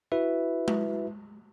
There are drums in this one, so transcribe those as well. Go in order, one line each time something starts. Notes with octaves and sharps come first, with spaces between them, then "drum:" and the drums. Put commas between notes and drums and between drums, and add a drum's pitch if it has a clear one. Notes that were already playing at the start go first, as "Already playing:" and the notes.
E4 F#4 B4 E5
drum: tom G#3